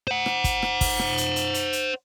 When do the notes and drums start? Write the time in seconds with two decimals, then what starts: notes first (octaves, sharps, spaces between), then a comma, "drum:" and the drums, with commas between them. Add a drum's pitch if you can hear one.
0.08 C5 F#5
0.26 drum: rim click
0.44 drum: kick, hi-hat
0.63 drum: rim click
0.81 drum: kick, open hi-hat
0.99 drum: rim click
1.18 drum: hi-hat
1.36 drum: hi-hat
1.54 drum: hi-hat
1.73 drum: hi-hat